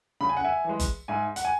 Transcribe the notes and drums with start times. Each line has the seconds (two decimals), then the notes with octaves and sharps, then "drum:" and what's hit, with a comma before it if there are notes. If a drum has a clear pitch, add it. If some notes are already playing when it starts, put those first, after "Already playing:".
0.21 C#3 B5
0.29 G#5
0.37 F#5
0.44 E5 G#5
0.64 E3 G#3
0.80 drum: kick F#1, hi-hat
1.08 G#2 E5 G#5
1.36 F#5, drum: hi-hat
1.45 G#5